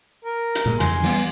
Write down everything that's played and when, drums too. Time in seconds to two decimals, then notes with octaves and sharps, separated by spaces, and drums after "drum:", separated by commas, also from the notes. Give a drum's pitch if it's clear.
0.25 A#4
0.55 drum: hi-hat
0.66 A#2 G#3
0.80 F2 C#3 E3 G#5 C6, drum: hi-hat
1.03 E3 G3 B3, drum: open hi-hat